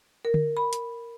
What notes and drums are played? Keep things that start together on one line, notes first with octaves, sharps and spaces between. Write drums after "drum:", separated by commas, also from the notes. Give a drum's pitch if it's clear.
A#4
drum: tom D3
B5
drum: hi-hat